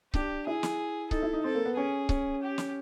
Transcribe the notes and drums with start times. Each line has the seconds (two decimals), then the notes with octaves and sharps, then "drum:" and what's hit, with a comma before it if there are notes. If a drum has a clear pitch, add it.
0.14 D4 G4, drum: kick C#1
0.47 E4 G#4
0.63 drum: snare
1.11 D#4 A4, drum: kick C#1
1.23 E4
1.33 D#4
1.44 C4 A4
1.55 A#3
1.65 B3
1.76 C#4 G#4
2.09 C#4, drum: kick C#1
2.42 G4
2.58 drum: snare